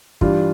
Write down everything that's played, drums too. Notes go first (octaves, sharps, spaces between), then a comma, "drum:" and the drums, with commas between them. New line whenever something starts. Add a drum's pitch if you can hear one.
G2 E3 G3 D4 F4, drum: kick